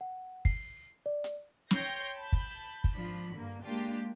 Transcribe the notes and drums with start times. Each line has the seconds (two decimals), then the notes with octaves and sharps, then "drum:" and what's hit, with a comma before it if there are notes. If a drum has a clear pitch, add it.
0.01 F#5
0.45 C7, drum: kick
1.06 D5
1.24 drum: hi-hat
1.71 C#5 G5 C6 G6 A#6 C7, drum: snare
2.17 A5 B5 G6
2.33 drum: kick
2.84 drum: kick
2.93 G#1 F3 D4 B5
3.33 G2 D3 A#3
3.63 G#3 A#3 D4 F4 G4